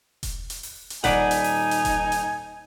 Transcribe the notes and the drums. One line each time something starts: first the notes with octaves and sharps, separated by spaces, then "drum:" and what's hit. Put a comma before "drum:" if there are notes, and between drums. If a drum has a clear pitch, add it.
drum: kick E1, hi-hat
drum: hi-hat
drum: open hi-hat
drum: hi-hat
D#1 D#4 D5 F#5 G#5 B6 D7, drum: kick E1, hi-hat
drum: hi-hat
drum: open hi-hat
drum: hi-hat
drum: kick E1, hi-hat
drum: hi-hat